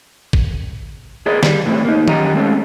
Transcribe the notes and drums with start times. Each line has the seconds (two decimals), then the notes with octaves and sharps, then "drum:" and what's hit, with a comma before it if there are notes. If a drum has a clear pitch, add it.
0.33 drum: kick
1.26 G#4 A#4 B4 D5 D#5
1.43 G3, drum: snare
1.66 A2 E3 G#3 A3 C4
1.85 A#3 D#4
2.08 F#2 G4 D#5 A#5, drum: tom D#3
2.35 G#3 A3 C4 C#4 A4